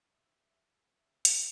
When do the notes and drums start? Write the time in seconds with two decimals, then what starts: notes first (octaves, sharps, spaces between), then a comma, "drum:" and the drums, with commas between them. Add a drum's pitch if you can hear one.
0.14 E5
1.25 drum: hi-hat